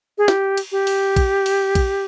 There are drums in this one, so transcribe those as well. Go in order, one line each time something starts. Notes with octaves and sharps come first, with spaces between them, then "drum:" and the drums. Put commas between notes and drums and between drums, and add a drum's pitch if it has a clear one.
G#4
G4, drum: snare
drum: cymbal
G4
drum: cymbal
drum: kick A#1, cymbal
drum: cymbal
drum: kick A#1, cymbal